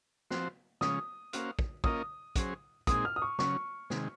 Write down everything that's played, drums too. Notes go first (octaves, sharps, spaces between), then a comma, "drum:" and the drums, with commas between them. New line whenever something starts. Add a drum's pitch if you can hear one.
F3 C4 F#4 C5, drum: snare
C#3 F3 G#3 C#4 D#6, drum: snare
A#3 C#4 F#4 C5 F5, drum: hi-hat
drum: kick
A#3 C#4 F4 A#4 D#5 D#6, drum: kick
F#3 C#4 G#4 C5, drum: kick, hi-hat
A#2 G#3 C4 D#4 G#4 D#6, drum: kick, hi-hat
F6
D#6
C#6
C#3 F#3 C#4 C#6, drum: snare
C3 D#3 G#3, drum: snare